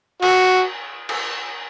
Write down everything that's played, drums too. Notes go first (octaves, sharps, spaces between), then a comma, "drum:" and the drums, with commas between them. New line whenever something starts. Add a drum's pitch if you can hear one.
F#4, drum: cymbal
drum: cymbal